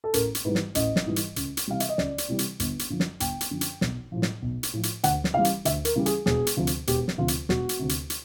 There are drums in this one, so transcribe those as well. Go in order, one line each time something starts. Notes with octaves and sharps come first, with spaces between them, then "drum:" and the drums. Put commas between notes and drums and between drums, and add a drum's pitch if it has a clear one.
A4
A1 A#4, drum: hi-hat
drum: hi-hat
G#2 E3 G3 B4
drum: snare
A1 D#5, drum: hi-hat
drum: snare
G#2 E3 G3
drum: hi-hat
C#2, drum: hi-hat
drum: hi-hat
C3 E3 G3 F5
E5, drum: hi-hat
D#5
C#2 D5, drum: snare
drum: hi-hat
C3 E3 G3
drum: hi-hat
G1, drum: hi-hat
drum: hi-hat
F#2 D3 F3
drum: snare
G1 G5, drum: hi-hat
drum: hi-hat
F#2 D3 F3
drum: hi-hat
B1, drum: snare
A2 F3
drum: snare
B1
drum: hi-hat
A2 F3
drum: hi-hat
D2 F#5, drum: hi-hat
drum: snare
C#3 E3 G3 F5
drum: hi-hat
D2 E5, drum: hi-hat
A#4, drum: hi-hat
C#3 E3 G3
G#4, drum: hi-hat
E1 G#4, drum: snare
drum: hi-hat
D2 C3 F3
drum: hi-hat
E1 G4, drum: hi-hat
drum: snare
D2 C3 F3 F4
drum: hi-hat
E1 F#4, drum: snare
drum: hi-hat
D2 C3
drum: hi-hat
drum: hi-hat